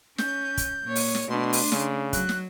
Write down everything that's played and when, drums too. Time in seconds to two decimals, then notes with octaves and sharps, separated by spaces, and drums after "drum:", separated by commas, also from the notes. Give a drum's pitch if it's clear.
0.18 C#4 G6, drum: snare
0.57 drum: kick, hi-hat
0.84 A#2 C#5
0.96 drum: open hi-hat
1.15 drum: snare
1.29 B2 A3 D4 C6
1.53 drum: open hi-hat
1.72 C#3, drum: snare
2.13 F#3 F#6, drum: kick, hi-hat
2.29 drum: snare